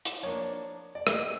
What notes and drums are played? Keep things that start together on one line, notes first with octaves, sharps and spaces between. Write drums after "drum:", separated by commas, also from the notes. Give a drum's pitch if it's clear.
drum: hi-hat
F3 A#3 D4 C#5
D5
E5, drum: rim click
D#5